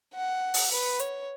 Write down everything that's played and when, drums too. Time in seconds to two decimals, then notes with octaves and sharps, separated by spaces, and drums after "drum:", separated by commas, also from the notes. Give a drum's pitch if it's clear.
0.14 F#5
0.54 drum: open hi-hat
0.71 B4
0.99 C#5, drum: hi-hat